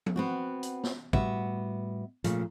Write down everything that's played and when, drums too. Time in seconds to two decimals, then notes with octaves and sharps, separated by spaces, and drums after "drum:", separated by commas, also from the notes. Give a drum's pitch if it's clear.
0.06 drum: tom F3
0.16 B3 C4 F#4
0.63 drum: hi-hat
0.83 drum: snare
1.13 A2 G3 B3 F#4 E5, drum: kick
2.24 A#2 C#3 F3 A3, drum: hi-hat